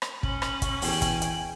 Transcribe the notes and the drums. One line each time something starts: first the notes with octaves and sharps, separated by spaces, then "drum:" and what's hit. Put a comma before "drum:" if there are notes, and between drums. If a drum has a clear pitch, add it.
drum: rim click
C#4 F#7, drum: kick
drum: rim click
drum: kick, hi-hat
E2 G5 G#5, drum: open hi-hat
drum: kick, hi-hat
drum: hi-hat